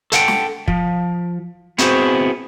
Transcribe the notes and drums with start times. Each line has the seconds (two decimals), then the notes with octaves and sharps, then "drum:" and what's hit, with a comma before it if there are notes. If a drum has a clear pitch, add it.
0.12 A4 F#5 G5, drum: hi-hat
0.28 drum: snare
0.68 F3, drum: kick
1.78 B3 C4 E4 F#4 G#4 C5, drum: hi-hat